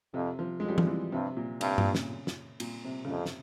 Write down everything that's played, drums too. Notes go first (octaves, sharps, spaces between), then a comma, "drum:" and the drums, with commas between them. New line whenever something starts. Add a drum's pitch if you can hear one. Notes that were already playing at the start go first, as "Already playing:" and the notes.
F2 C3
F3
F2 G#3
G3
F3, drum: tom E3
E3
G2 C3
A#2
G2 C3, drum: cymbal
A#2, drum: tom G2
C#3, drum: snare
drum: snare
A#2, drum: cymbal
C3
C#3
F2 C3
drum: snare